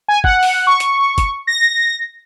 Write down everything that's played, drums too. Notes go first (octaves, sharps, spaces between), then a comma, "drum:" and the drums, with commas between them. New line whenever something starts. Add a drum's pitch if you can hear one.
G#5
F#5, drum: kick
drum: open hi-hat
C#6
drum: hi-hat
drum: kick, hi-hat
A#6